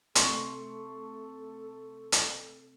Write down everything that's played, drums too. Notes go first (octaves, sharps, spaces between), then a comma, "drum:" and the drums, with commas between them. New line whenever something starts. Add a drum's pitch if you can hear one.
C3 A3 A4 C6 C#6, drum: hi-hat
drum: hi-hat